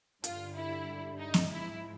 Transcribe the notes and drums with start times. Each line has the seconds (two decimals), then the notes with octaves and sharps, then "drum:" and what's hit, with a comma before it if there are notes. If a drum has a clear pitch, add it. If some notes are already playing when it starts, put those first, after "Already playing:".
0.24 G2 D3 G3 F4, drum: hi-hat
0.56 E4
1.18 D#4
1.34 drum: snare
1.50 G#2 F3 G#3 E4